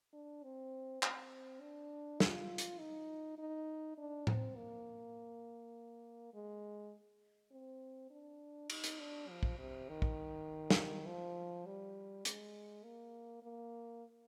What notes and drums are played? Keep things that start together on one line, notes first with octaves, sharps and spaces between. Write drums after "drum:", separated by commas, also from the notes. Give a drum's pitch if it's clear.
D4
C4
C4, drum: clap
D4
F4, drum: snare
drum: hi-hat
D#4
D#4
D4
C4, drum: tom
A#3
G#3
C4
D4
D#4, drum: cymbal
drum: hi-hat
D4
F3
drum: kick
C3
D#3
drum: kick
drum: snare
F3
G3
G#3, drum: hi-hat
A#3
A#3